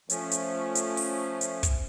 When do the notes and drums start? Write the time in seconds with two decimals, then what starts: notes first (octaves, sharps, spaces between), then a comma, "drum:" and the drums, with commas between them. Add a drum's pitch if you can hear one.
0.10 F3 A3 C#4, drum: hi-hat
0.31 drum: hi-hat
0.75 drum: hi-hat
0.97 drum: open hi-hat
1.41 drum: hi-hat
1.63 drum: kick, hi-hat